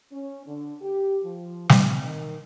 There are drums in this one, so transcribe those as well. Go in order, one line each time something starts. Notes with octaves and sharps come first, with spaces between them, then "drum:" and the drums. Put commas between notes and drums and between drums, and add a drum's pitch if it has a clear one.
C#4
D3
G4
F3
C4, drum: snare
D#3